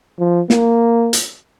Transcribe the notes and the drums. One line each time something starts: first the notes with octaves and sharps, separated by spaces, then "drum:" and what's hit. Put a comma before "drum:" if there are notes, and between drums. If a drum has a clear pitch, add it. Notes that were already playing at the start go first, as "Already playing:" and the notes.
F3
A#3, drum: snare
drum: hi-hat